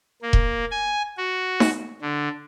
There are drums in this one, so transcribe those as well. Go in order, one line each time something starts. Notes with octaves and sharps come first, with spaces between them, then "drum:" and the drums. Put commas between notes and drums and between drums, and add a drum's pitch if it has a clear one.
A#3
drum: kick E1
G#5
F#4
drum: snare D#4
D3